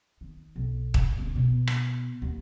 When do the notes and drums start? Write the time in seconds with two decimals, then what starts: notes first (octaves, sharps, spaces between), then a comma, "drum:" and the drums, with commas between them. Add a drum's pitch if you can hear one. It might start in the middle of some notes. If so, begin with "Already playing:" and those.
0.21 D#3
0.56 B1
0.94 drum: kick
1.18 C#2
1.36 B2
1.67 drum: rim click
2.22 D#2